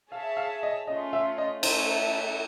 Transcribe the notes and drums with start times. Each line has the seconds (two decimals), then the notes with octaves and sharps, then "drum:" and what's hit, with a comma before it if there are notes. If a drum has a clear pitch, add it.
0.12 G#4 C#5 E5 F5 A5
0.37 F5
0.63 D#5
0.87 A3 C#4 F4 D#5
1.13 E5
1.38 D#5
1.63 A3 C#4 E4 A4 C5, drum: cymbal